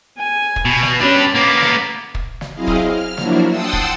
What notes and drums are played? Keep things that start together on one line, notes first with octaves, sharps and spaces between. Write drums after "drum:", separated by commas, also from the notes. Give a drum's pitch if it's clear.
G#5
drum: kick
B2
drum: snare
C#4 D4 G4 B5
A#3 B3 D6
drum: snare
drum: kick
drum: snare
F#3 C4 E4 G#4 D#5 F5
drum: kick
F6
F3 F#3 A#3 D4 E4 F#4, drum: snare
F#5 G5 A5 C6 D#6 E6
drum: kick